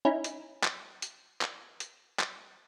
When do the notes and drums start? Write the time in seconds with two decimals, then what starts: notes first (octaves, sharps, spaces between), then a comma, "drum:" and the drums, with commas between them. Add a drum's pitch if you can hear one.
0.05 C#4 D#4 E4
0.24 drum: hi-hat
0.63 drum: clap
1.02 drum: hi-hat
1.41 drum: clap
1.80 drum: hi-hat
2.19 drum: clap